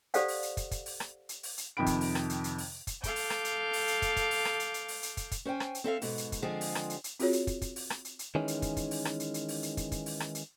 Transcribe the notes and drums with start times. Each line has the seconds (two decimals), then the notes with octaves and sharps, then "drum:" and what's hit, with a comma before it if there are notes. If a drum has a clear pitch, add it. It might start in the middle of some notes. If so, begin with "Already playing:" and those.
0.14 G4 A4 C5 D5 F5 F#5, drum: hi-hat
0.28 drum: open hi-hat
0.43 drum: hi-hat
0.57 drum: kick, hi-hat
0.71 drum: kick, hi-hat
0.86 drum: open hi-hat
1.00 drum: rim click
1.29 drum: hi-hat
1.43 drum: open hi-hat
1.58 drum: hi-hat
1.77 F2 C3 D#3 G5 B5 D7
1.86 drum: kick, hi-hat
2.01 drum: open hi-hat
2.15 drum: rim click
2.30 drum: hi-hat
2.44 drum: hi-hat
2.58 drum: open hi-hat
2.87 drum: kick, hi-hat
3.04 A4 F5 D6 G6, drum: kick, hi-hat
3.16 drum: open hi-hat
3.30 drum: rim click
3.45 drum: hi-hat
3.73 drum: open hi-hat
3.88 drum: hi-hat
4.02 drum: kick, hi-hat
4.16 drum: kick, hi-hat
4.31 drum: open hi-hat
4.45 drum: rim click
4.60 drum: hi-hat
4.74 drum: hi-hat
4.88 drum: open hi-hat
5.03 drum: hi-hat
5.17 drum: kick, hi-hat
5.31 drum: kick, hi-hat
5.45 C#4 C5 D5 G5 G#5
5.60 drum: rim click
5.75 drum: hi-hat
5.84 C4 A4 E5 F5
6.02 G#2 B2, drum: open hi-hat
6.18 drum: hi-hat
6.32 drum: kick, hi-hat
6.42 D3 F3 G#3 C4 G#4
6.61 drum: open hi-hat
6.75 drum: rim click
6.90 drum: hi-hat
7.04 drum: hi-hat
7.20 C4 F4 F#4 G#4 C#5, drum: open hi-hat
7.33 drum: hi-hat
7.47 drum: kick, hi-hat
7.62 drum: kick, hi-hat
7.76 drum: open hi-hat
7.90 drum: rim click
8.05 drum: hi-hat
8.19 drum: hi-hat
8.35 D#3 E3 G#3 C#4
8.48 drum: hi-hat
8.62 drum: kick, hi-hat
8.77 drum: kick, hi-hat
8.91 drum: open hi-hat
9.05 drum: rim click
9.20 drum: hi-hat
9.34 drum: hi-hat
9.48 drum: open hi-hat
9.63 drum: hi-hat
9.77 drum: kick, hi-hat
9.92 drum: kick, hi-hat
10.06 drum: open hi-hat
10.20 drum: rim click
10.35 drum: hi-hat